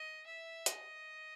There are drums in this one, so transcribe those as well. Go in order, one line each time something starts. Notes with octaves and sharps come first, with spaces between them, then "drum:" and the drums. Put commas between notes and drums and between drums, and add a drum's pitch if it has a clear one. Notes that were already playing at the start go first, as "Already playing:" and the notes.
Already playing: D#5
E5
D#5, drum: hi-hat